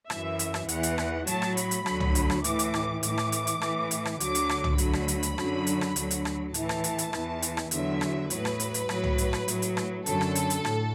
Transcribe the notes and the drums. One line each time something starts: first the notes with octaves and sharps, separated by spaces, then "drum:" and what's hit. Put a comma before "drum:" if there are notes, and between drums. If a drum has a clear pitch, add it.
F#2 E3 E5, drum: rim click
drum: hi-hat
drum: rim click
E2 E3 F#5, drum: hi-hat
drum: hi-hat
drum: rim click
A2 F#3 A5, drum: hi-hat
drum: rim click
B5, drum: hi-hat
drum: hi-hat
D2 D3 F#3, drum: rim click
drum: tom
drum: hi-hat
drum: rim click
A2 E3 D6, drum: hi-hat
drum: hi-hat
drum: rim click
A2 E3 D6, drum: hi-hat
drum: rim click
drum: hi-hat
drum: hi-hat
A2 E3, drum: rim click
drum: hi-hat
drum: rim click
D2 D3 F#3 D6, drum: hi-hat
drum: hi-hat
drum: rim click
drum: tom
D2 D3 F#3 B5, drum: hi-hat
drum: rim click
drum: hi-hat
drum: hi-hat
F#2 D3 F#3, drum: rim click
drum: hi-hat
drum: rim click
D2 D3 F#3, drum: hi-hat
drum: hi-hat
drum: rim click
A2 E3 A5, drum: hi-hat
drum: rim click
drum: hi-hat
drum: hi-hat
E2 E3, drum: rim click
drum: hi-hat
drum: rim click
E2 D3 F#3 E5, drum: hi-hat
drum: rim click
A2 F#3 B4, drum: hi-hat
drum: rim click
drum: hi-hat
drum: hi-hat
A2 F#3, drum: rim click
drum: tom
drum: hi-hat
drum: rim click
A2 F#3, drum: hi-hat
drum: hi-hat
drum: rim click
F#2 D3 F#3 A4, drum: hi-hat
drum: rim click
drum: hi-hat
drum: hi-hat
A2, drum: rim click